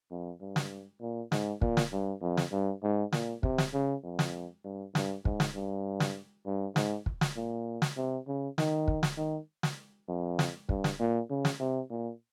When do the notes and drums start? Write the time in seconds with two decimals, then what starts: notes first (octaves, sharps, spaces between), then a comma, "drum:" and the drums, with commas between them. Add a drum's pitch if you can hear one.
0.11 F2
0.41 G2
0.56 drum: snare
1.01 A#2
1.32 G#2, drum: snare
1.62 A#2, drum: kick
1.77 drum: snare
1.92 G2
2.22 F2
2.37 drum: snare
2.52 G2
2.83 G#2
3.12 A#2, drum: snare
3.43 C3, drum: kick
3.58 drum: snare
3.74 C#3
4.04 F2
4.19 drum: snare
4.64 G2
4.95 G2, drum: snare
5.25 G#2, drum: kick
5.40 drum: snare
5.55 G2
6.00 drum: snare
6.46 G2
6.76 G#2, drum: snare
7.06 drum: kick
7.21 drum: snare
7.37 A#2
7.82 drum: snare
7.97 C3
8.28 C#3
8.58 D#3, drum: snare
8.88 drum: kick
9.03 drum: snare
9.17 D#3
9.63 drum: snare
10.09 F2
10.39 drum: snare
10.69 G2, drum: kick
10.84 drum: snare
11.00 A#2
11.30 C#3
11.45 drum: snare
11.60 C3
11.90 A#2